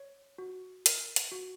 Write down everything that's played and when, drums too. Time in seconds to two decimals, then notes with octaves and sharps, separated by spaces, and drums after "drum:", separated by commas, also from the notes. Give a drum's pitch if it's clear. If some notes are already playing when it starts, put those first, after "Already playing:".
Already playing: C#5
0.38 F#4
0.86 A#4, drum: hi-hat
1.16 drum: hi-hat
1.32 F#4